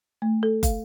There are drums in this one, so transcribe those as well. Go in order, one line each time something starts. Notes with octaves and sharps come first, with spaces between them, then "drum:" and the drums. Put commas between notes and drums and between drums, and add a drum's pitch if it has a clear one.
A3
A4
F5, drum: kick, hi-hat